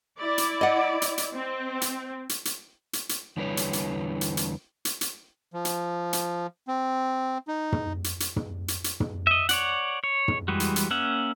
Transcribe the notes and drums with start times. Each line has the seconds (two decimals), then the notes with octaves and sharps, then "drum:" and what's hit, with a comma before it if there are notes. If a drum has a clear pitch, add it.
0.17 E4 D5
0.38 drum: hi-hat
0.61 D#5 F#5
1.02 drum: hi-hat
1.18 drum: hi-hat
1.34 C4
1.81 drum: hi-hat
2.29 drum: hi-hat
2.45 drum: hi-hat
2.93 drum: hi-hat
3.09 drum: hi-hat
3.37 E2 D3 G3 E4 B4 C#5
3.57 drum: hi-hat
3.73 drum: hi-hat
4.21 drum: hi-hat
4.37 drum: hi-hat
4.85 drum: hi-hat
5.01 drum: hi-hat
5.53 F3
5.65 drum: hi-hat
6.13 drum: hi-hat
6.68 C4
7.48 D#4
7.72 drum: tom
8.04 drum: hi-hat
8.20 drum: hi-hat
8.36 drum: tom
8.68 drum: hi-hat
8.84 drum: hi-hat
9.00 drum: tom
9.27 D#5 E5
9.49 C#5 D5 F#5, drum: hi-hat
10.04 C#5
10.28 drum: tom
10.48 E3 G3 G#3 F#4
10.60 drum: hi-hat
10.76 drum: hi-hat
10.90 A#3 C#4 E5 F#5